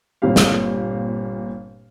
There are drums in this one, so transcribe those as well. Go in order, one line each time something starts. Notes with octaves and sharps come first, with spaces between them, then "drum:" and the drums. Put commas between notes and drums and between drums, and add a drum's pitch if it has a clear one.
G1 A#2 C4 G4 F5
drum: snare